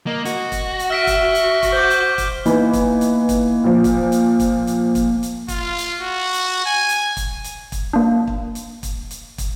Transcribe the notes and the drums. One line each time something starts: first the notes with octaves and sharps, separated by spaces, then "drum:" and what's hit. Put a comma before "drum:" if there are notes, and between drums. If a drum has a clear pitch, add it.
A#3 D#5
F#4, drum: hi-hat
drum: kick, hi-hat
drum: hi-hat
E5 F6 B6 D7
drum: kick, hi-hat
drum: hi-hat
drum: kick, hi-hat
C5 D6 G6 G7
drum: hi-hat
drum: kick, hi-hat
E3 A#3 B3 D#4, drum: hi-hat
drum: kick, hi-hat
drum: hi-hat
drum: kick, hi-hat
A#2 F3
drum: kick, hi-hat
drum: hi-hat
drum: kick, hi-hat
drum: hi-hat
drum: kick, hi-hat
drum: hi-hat
F4, drum: kick, hi-hat
drum: hi-hat
F#4
drum: hi-hat
G#5
drum: hi-hat
drum: kick, hi-hat
drum: hi-hat
drum: kick, hi-hat
A#3 D4
drum: kick
drum: hi-hat
drum: kick, hi-hat
drum: hi-hat
drum: kick, hi-hat